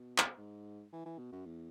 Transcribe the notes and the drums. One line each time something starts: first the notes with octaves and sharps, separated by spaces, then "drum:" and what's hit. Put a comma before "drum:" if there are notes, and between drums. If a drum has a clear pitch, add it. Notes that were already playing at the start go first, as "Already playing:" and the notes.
Already playing: B2
drum: clap
G#2
E3
E3
B2
F#2
E2